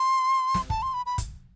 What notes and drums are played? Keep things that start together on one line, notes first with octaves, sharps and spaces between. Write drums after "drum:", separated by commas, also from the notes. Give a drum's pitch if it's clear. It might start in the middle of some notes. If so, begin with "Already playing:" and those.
Already playing: C6
drum: snare
A5, drum: kick
C6
B5
B5
drum: kick, hi-hat